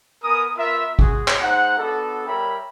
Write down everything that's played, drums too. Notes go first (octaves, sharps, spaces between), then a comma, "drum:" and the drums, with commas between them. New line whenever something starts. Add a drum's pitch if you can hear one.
B3 A#4 G#5 D#6
B3 F4 A#4 E5
G#3 F#4 G#4, drum: kick
drum: clap
G#3 D#4 C5 F#5
B3 D4 F#4 A4
G3 A#4 C#5 E5 G5 B5